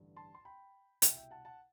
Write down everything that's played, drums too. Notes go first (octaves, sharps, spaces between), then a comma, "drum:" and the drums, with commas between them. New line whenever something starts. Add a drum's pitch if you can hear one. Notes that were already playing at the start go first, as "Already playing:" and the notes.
Already playing: A1 G2 D3
A5 C6
C6
G5 B5
C2 B2 E5 G5, drum: hi-hat
E5 G5
F#5 A5
F#5 A5